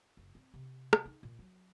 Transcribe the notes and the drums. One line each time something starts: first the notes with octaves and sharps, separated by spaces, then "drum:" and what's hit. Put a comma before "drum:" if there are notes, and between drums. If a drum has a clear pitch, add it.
F#1
C4
C3
drum: rim click
D#4
A#2
F#3